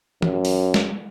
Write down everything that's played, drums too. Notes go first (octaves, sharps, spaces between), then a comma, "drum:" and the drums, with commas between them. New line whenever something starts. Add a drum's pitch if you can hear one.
F#2, drum: tom
drum: open hi-hat
drum: snare